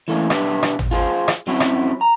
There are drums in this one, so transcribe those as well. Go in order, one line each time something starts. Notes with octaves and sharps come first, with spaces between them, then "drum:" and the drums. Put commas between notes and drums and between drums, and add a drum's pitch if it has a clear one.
E3 A3 A#3 C#4
B1 D4 G4 B4 E5, drum: rim click
drum: rim click
drum: tom G#1
F4 G#4 C5
drum: rim click
F#2 F#3 C4 C#4 E4 F#4
drum: rim click
A#5